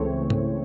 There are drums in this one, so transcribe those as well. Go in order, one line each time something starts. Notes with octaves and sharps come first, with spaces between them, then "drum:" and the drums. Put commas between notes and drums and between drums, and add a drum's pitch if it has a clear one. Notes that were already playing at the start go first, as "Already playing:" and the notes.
Already playing: C#2 C#3 E3 A3 C4 C#5
drum: tom G#2